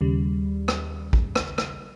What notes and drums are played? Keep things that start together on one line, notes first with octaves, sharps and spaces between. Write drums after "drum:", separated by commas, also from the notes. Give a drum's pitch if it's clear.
D#2 C#3 G3
drum: rim click
drum: kick
drum: rim click
drum: rim click